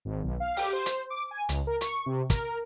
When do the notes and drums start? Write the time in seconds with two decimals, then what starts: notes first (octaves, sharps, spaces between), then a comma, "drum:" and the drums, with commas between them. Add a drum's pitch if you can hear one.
0.05 G#1
0.24 B1
0.40 F5
0.57 G4, drum: open hi-hat
0.73 C5
0.86 drum: hi-hat
1.10 D6
1.31 G#5
1.49 C#2, drum: hi-hat
1.67 A#4
1.81 C#6, drum: hi-hat
2.06 C3
2.30 A#4, drum: kick, hi-hat